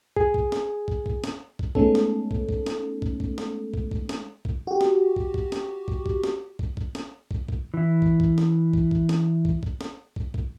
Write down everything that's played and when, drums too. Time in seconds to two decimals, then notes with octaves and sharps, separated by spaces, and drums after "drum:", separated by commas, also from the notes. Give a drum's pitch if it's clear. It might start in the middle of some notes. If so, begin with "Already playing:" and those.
0.16 G#4, drum: kick
0.34 drum: kick
0.52 drum: snare
0.88 drum: kick
1.06 drum: kick
1.24 drum: snare
1.59 drum: kick
1.75 G#3 A3 B3 C#4 D#4 A4, drum: kick
1.95 drum: snare
2.31 drum: kick
2.49 drum: kick
2.66 drum: snare
3.02 drum: kick
3.20 drum: kick
3.38 drum: snare
3.74 drum: kick
3.91 drum: kick
4.09 drum: snare
4.45 drum: kick
4.67 F#4 G4
4.81 drum: snare
5.16 drum: kick
5.34 drum: kick
5.52 drum: snare
5.88 drum: kick
6.06 drum: kick
6.24 drum: snare
6.59 drum: kick
6.77 drum: kick
6.95 drum: snare
7.31 drum: kick
7.48 drum: kick
7.74 E3 E4
8.02 drum: kick
8.20 drum: kick
8.38 drum: snare
8.73 drum: kick
8.91 drum: kick
9.09 drum: snare
9.45 drum: kick
9.63 drum: kick
9.81 drum: snare
10.16 drum: kick
10.34 drum: kick